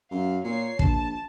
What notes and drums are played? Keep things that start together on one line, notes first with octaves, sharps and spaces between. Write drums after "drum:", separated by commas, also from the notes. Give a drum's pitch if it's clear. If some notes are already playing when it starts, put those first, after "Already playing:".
F#2 F5
A#2 C#5 C7
A#1 A5, drum: kick